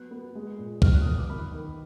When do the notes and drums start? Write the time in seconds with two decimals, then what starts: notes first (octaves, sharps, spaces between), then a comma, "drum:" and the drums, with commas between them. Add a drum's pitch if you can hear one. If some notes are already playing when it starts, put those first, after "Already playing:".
Already playing: F#3 B3 F#6
0.11 B3
0.35 G#3
0.59 A#2
0.82 A#2 F6, drum: kick
0.94 F#6
1.01 D#6
1.06 B3 F6
1.18 D6
1.30 D#3 B5
1.53 D#3